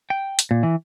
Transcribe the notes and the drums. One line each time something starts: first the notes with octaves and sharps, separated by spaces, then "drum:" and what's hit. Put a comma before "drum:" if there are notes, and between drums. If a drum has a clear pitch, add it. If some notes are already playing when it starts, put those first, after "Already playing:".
G5
drum: hi-hat
A#2
E3